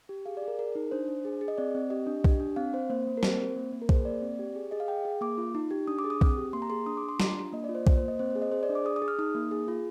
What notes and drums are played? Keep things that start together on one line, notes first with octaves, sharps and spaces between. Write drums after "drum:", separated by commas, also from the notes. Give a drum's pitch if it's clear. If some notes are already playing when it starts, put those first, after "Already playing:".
G4
G#4 F5
D5
G#4
A#4
G#4 A#4
D#4
D4 C5
D4
G#4
G#4
D#5
C4 D5
C4
G4 D#5
D4
G4, drum: kick B1
D4
C4 F5
C4 C5
A#3 C5
A#3
A#4
C4 C5, drum: snare
C4
A#3
A#3
A#4
G#4 C5, drum: kick B1
A#3 D5
C4
G4
G#4
G#4 D#5
F5
G#4 G5
G#4
A#3 D6
F4
D#4
G4
D4 D#6
D6
G#4
D#6
C4, drum: kick B1
G4
A#3 C6
A#5
G#4 C6
D4 D#6
D6
D4
C6
F4 A#5, drum: snare
D4
A#3 D#5
D5
F4
C5
A#3 C5, drum: kick B1
C5
A#3
D#5
C4 C5
C5
G#4
D#5
G#4 C5
D5
D4
D6
G#4 D#6
D#6
G#4
F6
D#4 D#6
A#3
G#4
F4